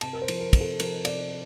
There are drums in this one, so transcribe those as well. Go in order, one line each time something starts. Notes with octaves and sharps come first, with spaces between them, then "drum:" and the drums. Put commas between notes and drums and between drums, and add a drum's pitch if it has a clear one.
C3 A5, drum: cymbal
A#4
C5
F3, drum: cymbal
A#4
C3, drum: kick, cymbal
A4
F3 A#4, drum: cymbal
C3 D5, drum: cymbal